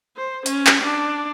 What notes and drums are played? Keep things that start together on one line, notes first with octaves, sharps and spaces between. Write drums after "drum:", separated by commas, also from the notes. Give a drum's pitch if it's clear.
C5
C#4, drum: hi-hat
drum: clap
D4